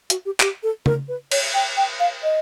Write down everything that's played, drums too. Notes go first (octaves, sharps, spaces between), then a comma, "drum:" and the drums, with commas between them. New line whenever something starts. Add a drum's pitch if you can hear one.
F#4, drum: hi-hat
G4
G4, drum: clap
A4
A#4, drum: tom C#3
B4
C#5, drum: cymbal
G5
G5
F5
D#5